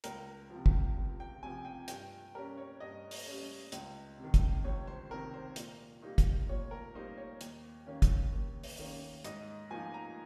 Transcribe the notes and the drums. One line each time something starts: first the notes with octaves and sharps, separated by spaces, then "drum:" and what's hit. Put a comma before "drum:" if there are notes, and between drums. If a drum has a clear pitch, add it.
C#2 A#4, drum: hi-hat
C3 F3
drum: kick
C#2
G5
C3 F3 G#5
G5
G2 G5, drum: hi-hat
G3 C#4 A#4
C#5
G2 D#5
drum: open hi-hat
G3 C#4
C#2, drum: hi-hat
C3
D#3
drum: kick, hi-hat
C#2 C#5
C5
C3 D#3 A#4
C5
A#2, drum: hi-hat
G3 A#3 D#4
drum: kick, hi-hat
A#2 C#5
A#4
G3 A#3 D#4 C5
C#5
D#2, drum: hi-hat
D#3 A#3 C#4
drum: kick, hi-hat
D#2
drum: open hi-hat
D#3 A#3 C#4
G#2 D#5, drum: hi-hat
F3 A#3 D#4 G#5
A#5